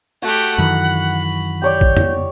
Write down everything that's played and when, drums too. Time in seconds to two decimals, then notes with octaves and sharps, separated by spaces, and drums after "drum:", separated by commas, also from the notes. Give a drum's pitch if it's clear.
0.22 A3 F#4 G4 F#5
0.58 F#2 D#3 E3 B5
1.62 G4 C#5 D5 G6
1.81 drum: kick A#1
1.97 drum: tom